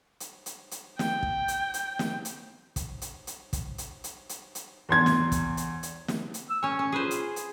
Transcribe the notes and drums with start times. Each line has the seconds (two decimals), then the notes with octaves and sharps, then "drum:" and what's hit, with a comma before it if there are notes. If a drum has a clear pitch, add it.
0.20 drum: hi-hat
0.46 drum: hi-hat
0.71 drum: hi-hat
0.99 G5, drum: snare
1.23 drum: kick
1.48 drum: hi-hat
1.74 drum: hi-hat
1.99 drum: snare
2.25 drum: hi-hat
2.76 drum: kick, hi-hat
3.02 drum: hi-hat
3.27 drum: hi-hat
3.53 drum: kick, hi-hat
3.78 drum: hi-hat
4.04 drum: hi-hat
4.29 drum: hi-hat
4.55 drum: hi-hat
4.89 E2 C6 G#6
5.06 drum: snare
5.32 drum: kick, hi-hat
5.57 drum: hi-hat
5.83 drum: hi-hat
6.08 drum: snare
6.34 drum: hi-hat
6.50 E6
6.63 C#4 C#5 G#5
6.79 C#4
6.92 F4 G#4 B4 C5
7.11 drum: hi-hat
7.36 G#4, drum: hi-hat